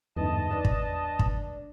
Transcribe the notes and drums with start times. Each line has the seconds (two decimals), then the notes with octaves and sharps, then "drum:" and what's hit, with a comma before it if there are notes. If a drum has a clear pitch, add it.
0.17 G1 E2 G#2 B4 D#5 A5
0.51 D4 B4
0.65 drum: kick
1.19 drum: kick